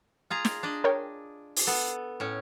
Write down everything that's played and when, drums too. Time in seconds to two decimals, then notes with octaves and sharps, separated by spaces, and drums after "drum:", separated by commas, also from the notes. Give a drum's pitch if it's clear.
0.30 F4 G#4 A#5
0.45 drum: snare
0.63 D4 D5 D#5
0.84 A#4 C#5 G5
1.56 drum: open hi-hat
1.67 B3 A4
2.20 A2 C#4